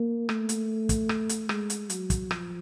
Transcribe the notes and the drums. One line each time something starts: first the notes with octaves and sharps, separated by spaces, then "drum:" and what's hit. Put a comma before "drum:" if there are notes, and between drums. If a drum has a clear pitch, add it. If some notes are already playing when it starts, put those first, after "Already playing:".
Already playing: A#3
A3, drum: rim click
drum: hi-hat
drum: kick, hi-hat
drum: rim click
drum: hi-hat
G#3, drum: rim click
drum: hi-hat
F#3, drum: hi-hat
drum: kick, hi-hat
F3, drum: rim click